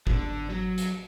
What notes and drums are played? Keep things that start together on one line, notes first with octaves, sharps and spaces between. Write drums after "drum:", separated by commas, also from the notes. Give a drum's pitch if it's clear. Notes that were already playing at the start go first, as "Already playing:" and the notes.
D3, drum: kick
F#3
drum: hi-hat